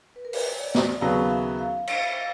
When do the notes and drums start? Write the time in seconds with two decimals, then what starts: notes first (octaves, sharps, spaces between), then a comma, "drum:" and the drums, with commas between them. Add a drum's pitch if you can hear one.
0.16 B4
0.25 A#4
0.33 B4, drum: open hi-hat
0.42 C5
0.50 C#5
0.59 D5
0.75 drum: snare
1.01 D#2 C#3 F#3 B3 F5
1.30 E5
1.59 F5
1.87 F5, drum: cymbal
2.01 E5
2.15 F5